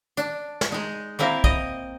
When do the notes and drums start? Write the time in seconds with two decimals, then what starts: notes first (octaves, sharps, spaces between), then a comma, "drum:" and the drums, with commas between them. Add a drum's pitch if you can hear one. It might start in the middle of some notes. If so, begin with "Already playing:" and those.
0.17 D4, drum: hi-hat
0.61 drum: snare
0.72 G#3 D#4
1.19 A#3 C4 E4 A#4
1.44 D#5, drum: kick